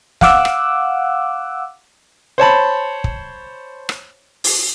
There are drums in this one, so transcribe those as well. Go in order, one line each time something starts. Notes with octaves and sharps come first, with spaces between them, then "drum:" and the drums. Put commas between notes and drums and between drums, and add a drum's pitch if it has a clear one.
F5 F#5 D6 E6 F#6, drum: snare
drum: rim click
C5 C#5 A5 B5
drum: kick
drum: rim click
drum: open hi-hat